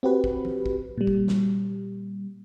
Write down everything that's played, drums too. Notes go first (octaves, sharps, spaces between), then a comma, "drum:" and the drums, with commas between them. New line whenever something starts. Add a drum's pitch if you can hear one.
C4 F#4 G4 B4
drum: kick
drum: tom F3
drum: kick
A#2 G3
drum: kick
drum: snare